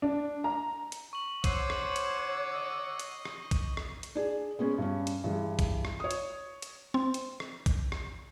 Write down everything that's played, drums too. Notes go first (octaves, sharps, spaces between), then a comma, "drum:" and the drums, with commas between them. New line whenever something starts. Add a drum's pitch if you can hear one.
D4
A#5
drum: hi-hat
C#6 F#7
C5 C#5 F#5 D6 E6 F#6 C7 D#7, drum: kick, hi-hat
drum: rim click
drum: hi-hat
D#5
drum: hi-hat
drum: rim click
drum: kick, hi-hat
drum: rim click
drum: hi-hat
D4 G#4
G#3 B3 C#4 G#4
G2 C#4
drum: hi-hat
G2 E3 G#3
drum: kick, hi-hat
drum: rim click
C#5 D#6
drum: hi-hat
drum: hi-hat
C4
drum: hi-hat
drum: rim click
drum: kick, hi-hat
drum: rim click